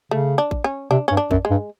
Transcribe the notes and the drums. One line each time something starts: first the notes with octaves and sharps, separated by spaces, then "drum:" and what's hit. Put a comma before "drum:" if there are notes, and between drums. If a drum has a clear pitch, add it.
C#3 A3
D4
drum: kick A1
C#4
C3 D4
G2 C#4
D4
F#2, drum: kick A1
G#3
G2